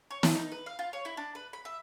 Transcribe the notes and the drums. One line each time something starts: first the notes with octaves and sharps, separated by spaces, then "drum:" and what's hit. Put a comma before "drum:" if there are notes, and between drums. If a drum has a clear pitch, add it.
C#5
A#5, drum: snare
D#4
B4
F5
F4
C#5
E4
D4
B4
B5
E5